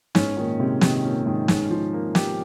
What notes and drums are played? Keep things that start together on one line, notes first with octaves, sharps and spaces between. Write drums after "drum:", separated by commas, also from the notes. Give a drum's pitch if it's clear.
G#2 C#4, drum: snare
A#2 D#3
C3 G#3
C3 D#3, drum: snare
A#2 C#4
G#2 D#3
G#2 C#4, drum: snare
F3
A#3
G4, drum: snare